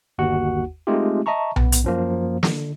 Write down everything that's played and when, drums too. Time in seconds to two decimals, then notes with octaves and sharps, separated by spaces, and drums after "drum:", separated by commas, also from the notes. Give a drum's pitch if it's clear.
0.18 G1 D#2 F#4 F#5
0.87 G#3 A3 C4 D#4 F4 G4
1.26 D#5 E5 A5 A#5 C#6
1.56 B3, drum: tom B1
1.72 drum: hi-hat
1.84 F#2 F3 A#3
2.43 D3, drum: snare